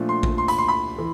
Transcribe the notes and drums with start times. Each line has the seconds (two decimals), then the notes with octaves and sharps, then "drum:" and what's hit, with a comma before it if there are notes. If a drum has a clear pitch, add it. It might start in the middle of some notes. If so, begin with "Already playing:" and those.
Already playing: A#2 F3 A3 D4
0.09 C6
0.23 drum: kick A1
0.38 C6
0.48 B5, drum: hi-hat
0.58 C6
0.68 B5
0.98 E3